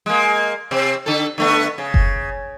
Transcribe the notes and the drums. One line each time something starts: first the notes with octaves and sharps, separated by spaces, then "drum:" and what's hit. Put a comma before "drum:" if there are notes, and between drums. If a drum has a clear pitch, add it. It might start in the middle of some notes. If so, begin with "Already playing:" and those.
G#3 A#3
C3 C4
D3 A4
D3 A3 B3
C#3
drum: kick F#1